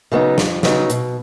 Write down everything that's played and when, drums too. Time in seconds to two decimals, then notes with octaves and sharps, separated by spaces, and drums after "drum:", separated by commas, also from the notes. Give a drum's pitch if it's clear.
0.12 C#3 F#3 B3 D#4
0.38 F2, drum: snare
0.63 C#3 F#3 B3 D#4, drum: snare
0.90 B2, drum: hi-hat